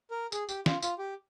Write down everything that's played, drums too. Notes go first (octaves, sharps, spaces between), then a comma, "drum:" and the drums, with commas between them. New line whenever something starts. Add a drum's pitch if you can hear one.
A#4
G#4, drum: tambourine
G4, drum: tambourine
F4, drum: snare
F4, drum: tambourine
G4